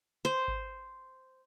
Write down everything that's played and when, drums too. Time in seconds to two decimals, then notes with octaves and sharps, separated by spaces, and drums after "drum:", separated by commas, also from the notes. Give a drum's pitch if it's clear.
0.25 C5
0.48 drum: kick G#1